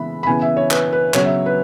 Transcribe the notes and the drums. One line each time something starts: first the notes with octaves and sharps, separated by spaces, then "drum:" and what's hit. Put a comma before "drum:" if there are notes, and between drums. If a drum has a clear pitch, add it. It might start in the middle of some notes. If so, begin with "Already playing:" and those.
Already playing: C#3 E3 G#3 B3 E5 B5
B5
C#3 E3 B3 G#5
E5
C#5
B4, drum: clap
B4
C#3 F#3 B3 C#5, drum: clap
E5
B4